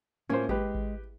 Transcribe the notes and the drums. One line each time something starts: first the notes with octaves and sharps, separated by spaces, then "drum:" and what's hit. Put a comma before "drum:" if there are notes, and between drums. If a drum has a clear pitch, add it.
A2 A#3 C#4 C5
G#3 G4 B4, drum: kick G#1
drum: kick G#1